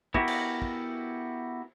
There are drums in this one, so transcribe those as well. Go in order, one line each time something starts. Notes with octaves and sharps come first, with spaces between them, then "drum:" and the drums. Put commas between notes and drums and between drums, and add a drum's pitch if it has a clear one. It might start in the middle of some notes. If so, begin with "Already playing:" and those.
B3 E4 F#4 G4 A#4, drum: kick
drum: cymbal
drum: kick